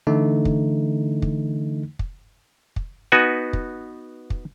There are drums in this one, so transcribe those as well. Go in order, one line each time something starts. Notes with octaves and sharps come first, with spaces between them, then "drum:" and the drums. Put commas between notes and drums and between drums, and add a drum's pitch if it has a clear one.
D3 E3 A3 D#4
drum: kick
drum: kick
drum: kick
drum: kick
B3 D#4 F#4 B4 G#5
drum: kick
drum: kick